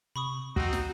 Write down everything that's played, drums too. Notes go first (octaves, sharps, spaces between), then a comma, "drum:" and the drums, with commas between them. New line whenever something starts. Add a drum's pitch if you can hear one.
C3 B5 C#6 D#6
D#2 C4 D#4 F#4, drum: kick
drum: snare